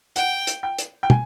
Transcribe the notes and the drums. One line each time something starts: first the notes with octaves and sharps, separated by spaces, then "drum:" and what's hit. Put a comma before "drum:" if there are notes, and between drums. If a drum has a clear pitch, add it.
F#5 G5, drum: hi-hat
drum: hi-hat
G5
drum: hi-hat
G5
G#5, drum: tom